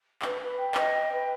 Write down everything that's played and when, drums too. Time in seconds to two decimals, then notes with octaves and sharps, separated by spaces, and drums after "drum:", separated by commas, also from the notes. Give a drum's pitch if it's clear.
0.22 B4, drum: clap
0.40 B4
0.57 G5
0.75 D#5, drum: clap
0.93 G5
1.10 B4